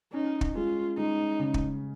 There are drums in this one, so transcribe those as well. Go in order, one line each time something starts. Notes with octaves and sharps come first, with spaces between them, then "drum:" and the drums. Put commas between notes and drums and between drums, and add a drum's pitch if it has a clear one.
C#4 D#4
drum: kick
G#3 F4
G#3 D#4
C#3
drum: kick